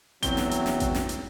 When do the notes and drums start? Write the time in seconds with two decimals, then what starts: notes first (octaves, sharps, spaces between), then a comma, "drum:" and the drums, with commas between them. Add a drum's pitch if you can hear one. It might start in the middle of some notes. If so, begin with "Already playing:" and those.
0.23 E2 F#3 C4 G7, drum: kick A1, hi-hat
0.37 drum: snare
0.51 drum: hi-hat
0.66 drum: snare
0.80 drum: kick A1, hi-hat
0.95 drum: snare
1.09 drum: hi-hat